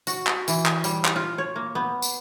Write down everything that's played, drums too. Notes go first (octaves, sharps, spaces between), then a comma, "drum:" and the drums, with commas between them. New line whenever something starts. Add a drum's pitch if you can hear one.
F#4, drum: tambourine
drum: clap
E3, drum: tambourine
drum: clap
G3, drum: tambourine
drum: clap
F4
C#5
A#3
B3
drum: tambourine